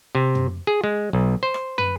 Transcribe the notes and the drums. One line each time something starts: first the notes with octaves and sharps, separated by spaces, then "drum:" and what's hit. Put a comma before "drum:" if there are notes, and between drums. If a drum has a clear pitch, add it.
C3
drum: tom
G#4
G#3
B1
C5
drum: rim click
B4, drum: tom